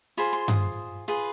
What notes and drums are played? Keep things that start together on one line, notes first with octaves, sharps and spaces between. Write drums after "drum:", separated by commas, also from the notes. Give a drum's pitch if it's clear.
F4 G#4 C5 B5
C6
D#6, drum: tom G2
F4 G#4 B4